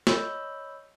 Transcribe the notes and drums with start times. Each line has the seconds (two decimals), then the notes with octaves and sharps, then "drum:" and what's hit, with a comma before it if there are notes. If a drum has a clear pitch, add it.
0.07 C#5 D#5 B5 E6 G6, drum: snare